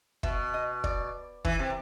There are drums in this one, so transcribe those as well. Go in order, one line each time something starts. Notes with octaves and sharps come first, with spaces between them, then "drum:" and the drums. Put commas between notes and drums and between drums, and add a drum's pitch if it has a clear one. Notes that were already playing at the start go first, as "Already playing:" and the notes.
B2 E5, drum: kick
D#5
D5, drum: kick
E3, drum: kick
C3